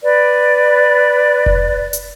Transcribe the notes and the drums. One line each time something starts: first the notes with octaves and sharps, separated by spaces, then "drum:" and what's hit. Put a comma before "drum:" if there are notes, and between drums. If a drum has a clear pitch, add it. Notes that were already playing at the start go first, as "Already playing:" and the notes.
B4 D5
drum: kick F1
drum: hi-hat